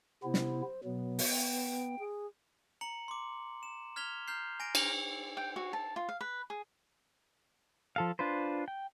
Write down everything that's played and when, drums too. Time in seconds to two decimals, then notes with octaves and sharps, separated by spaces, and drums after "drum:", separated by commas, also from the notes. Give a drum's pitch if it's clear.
0.23 C3 B3 E4 C5
0.34 drum: snare
0.84 B2 F#3 B3
1.19 drum: open hi-hat
1.30 G5
1.99 G#4
2.81 A#5 C#7 F#7
3.08 C6 D6
3.63 E7
3.96 F6 G#6 B6 F7 G7
4.28 A#5 F6 G6 C7
4.60 G#5 A#6 D7
4.75 drum: cymbal
5.37 G5
5.56 F#4
5.73 A5
5.96 F4
6.09 F5
6.21 B4
6.50 G#4
7.96 F3 A4 F5
8.19 D4 F4 B4 C5
8.68 G5